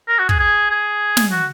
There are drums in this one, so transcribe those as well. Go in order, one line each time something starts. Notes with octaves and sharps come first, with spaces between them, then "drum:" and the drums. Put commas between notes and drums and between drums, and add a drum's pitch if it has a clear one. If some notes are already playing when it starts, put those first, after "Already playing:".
A#4
F#4
G#4, drum: kick
G#4
G#4
drum: snare
F#4